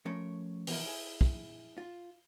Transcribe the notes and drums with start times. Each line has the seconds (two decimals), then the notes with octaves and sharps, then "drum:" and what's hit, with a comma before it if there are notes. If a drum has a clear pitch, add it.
0.05 F3 A3 C#4 A#4 C#5
0.67 B2 E3 F3 D#4 E4 A#4, drum: open hi-hat
0.83 E4 G#4
1.21 drum: kick
1.78 F4